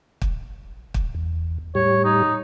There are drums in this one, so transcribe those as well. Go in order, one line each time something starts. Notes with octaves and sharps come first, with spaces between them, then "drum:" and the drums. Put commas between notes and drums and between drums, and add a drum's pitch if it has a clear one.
drum: kick
drum: kick
E2
A2 G3 G4 C#5
D#4